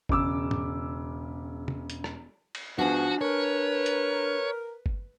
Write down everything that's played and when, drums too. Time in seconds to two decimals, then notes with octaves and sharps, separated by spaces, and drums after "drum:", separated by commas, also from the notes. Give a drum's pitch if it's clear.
0.09 E1 C#3 D6 E6, drum: kick G1
0.51 drum: tom
1.68 drum: tom
1.90 drum: hi-hat
2.04 drum: rim click
2.55 drum: cymbal
2.79 G#2 F3 B3 D4 F#4 G#5
3.21 A#4 B4 C#5
3.86 drum: hi-hat
4.86 drum: kick G1